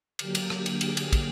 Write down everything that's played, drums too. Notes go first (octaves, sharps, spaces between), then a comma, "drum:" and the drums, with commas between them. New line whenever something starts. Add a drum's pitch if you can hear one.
D3 F#3 A#3 G4, drum: cymbal
drum: cymbal
drum: rim click
drum: cymbal
G#4, drum: cymbal
drum: cymbal
drum: kick, cymbal